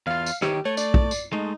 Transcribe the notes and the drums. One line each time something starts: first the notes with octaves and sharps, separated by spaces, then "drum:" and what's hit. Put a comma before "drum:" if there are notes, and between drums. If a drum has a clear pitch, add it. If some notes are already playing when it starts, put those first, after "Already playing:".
E2 F4 F5
drum: tambourine
D#3 G4 C#5, drum: rim click
A3 C#5
D5, drum: tambourine
drum: kick
drum: tambourine
G#3 A3 D#4